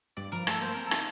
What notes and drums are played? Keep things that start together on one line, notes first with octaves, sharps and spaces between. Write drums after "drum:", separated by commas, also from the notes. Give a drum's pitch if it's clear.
G2 D5
F3 A#4
A3 A4, drum: rim click
A#3 C5
C4 A#4
A4
D#4, drum: rim click